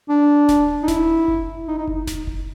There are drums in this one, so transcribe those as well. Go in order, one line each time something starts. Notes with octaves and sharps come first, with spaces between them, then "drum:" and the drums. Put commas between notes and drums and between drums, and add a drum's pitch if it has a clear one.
D4
drum: snare D#1
D#4
E4, drum: snare D#1
drum: kick F#1
D#4
D#4
drum: kick F#1
drum: snare D#1
drum: kick F#1